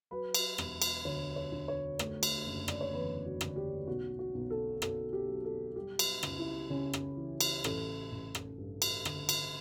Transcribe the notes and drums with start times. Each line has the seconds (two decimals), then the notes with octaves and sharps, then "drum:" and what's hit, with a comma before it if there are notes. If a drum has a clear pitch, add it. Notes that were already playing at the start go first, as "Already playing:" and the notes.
0.11 F#3 B4
0.34 drum: cymbal
0.58 E1, drum: rim click
0.82 drum: cymbal
1.05 D2 C#5
1.36 C#5
1.52 D3
1.68 C#5
1.99 A3 C#5, drum: rim click
2.23 drum: cymbal
2.46 F#1
2.68 D5, drum: rim click
2.81 C#5
2.93 E2 B4
3.25 F#4
3.41 D3, drum: rim click
3.56 G4
3.87 B1 F#4
4.19 F#4
4.34 B1
4.50 A4
4.82 B2 A4, drum: rim click
5.13 G4
5.28 F#3
5.44 A4
5.76 G3 G4
5.99 drum: cymbal
6.23 C#2, drum: rim click
6.39 E4
6.70 C#3 C#4
6.93 drum: rim click
7.17 E3
7.41 drum: cymbal
7.64 A1 A4, drum: rim click
8.11 A1
8.35 drum: rim click
8.58 G2
8.82 drum: cymbal
9.05 D3, drum: rim click
9.29 drum: cymbal